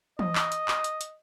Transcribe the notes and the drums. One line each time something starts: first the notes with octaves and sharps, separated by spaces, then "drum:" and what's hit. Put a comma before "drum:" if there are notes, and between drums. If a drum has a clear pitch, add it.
D#5, drum: tom E3
drum: clap
drum: hi-hat
drum: clap
drum: hi-hat
drum: hi-hat